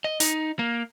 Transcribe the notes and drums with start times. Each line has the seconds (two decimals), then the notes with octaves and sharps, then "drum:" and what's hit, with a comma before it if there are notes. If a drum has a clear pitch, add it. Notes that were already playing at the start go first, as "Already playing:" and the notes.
0.04 D#5
0.20 D#4, drum: hi-hat
0.59 A#3